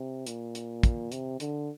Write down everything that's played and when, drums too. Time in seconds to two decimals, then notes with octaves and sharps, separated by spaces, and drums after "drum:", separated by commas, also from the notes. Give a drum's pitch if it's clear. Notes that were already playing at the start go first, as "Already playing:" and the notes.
Already playing: C3
0.27 A#2, drum: hi-hat
0.55 drum: hi-hat
0.83 drum: kick, hi-hat
1.12 C3, drum: hi-hat
1.40 D3, drum: hi-hat